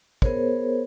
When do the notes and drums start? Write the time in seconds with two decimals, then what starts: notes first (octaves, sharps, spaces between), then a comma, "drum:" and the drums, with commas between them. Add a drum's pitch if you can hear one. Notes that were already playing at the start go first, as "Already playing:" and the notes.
0.22 B3 G#4 A#4 C5 C#5, drum: kick